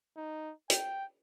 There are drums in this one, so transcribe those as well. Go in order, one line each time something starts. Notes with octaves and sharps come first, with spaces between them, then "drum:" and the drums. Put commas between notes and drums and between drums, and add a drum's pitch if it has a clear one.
D#4
G5, drum: hi-hat